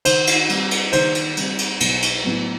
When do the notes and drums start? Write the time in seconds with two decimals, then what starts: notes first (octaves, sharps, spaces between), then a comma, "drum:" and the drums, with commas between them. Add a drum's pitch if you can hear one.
0.05 D#3 C5, drum: cymbal
0.27 drum: cymbal
0.49 G3 C4, drum: cymbal
0.71 drum: cymbal
0.93 D#3 C5, drum: cymbal
1.15 drum: cymbal
1.37 G3 C4, drum: cymbal
1.58 drum: cymbal
1.80 B1, drum: cymbal
2.02 drum: cymbal
2.24 A2 F#3 B3 E4